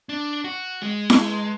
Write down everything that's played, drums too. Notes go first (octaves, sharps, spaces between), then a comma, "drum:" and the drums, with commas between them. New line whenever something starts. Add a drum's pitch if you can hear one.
D4
F#4
G#3
drum: snare E4